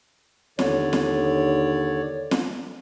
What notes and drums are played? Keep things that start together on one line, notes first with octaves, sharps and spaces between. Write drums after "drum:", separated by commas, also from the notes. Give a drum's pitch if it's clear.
D#2 D3 C#5 D5, drum: snare
drum: snare
drum: snare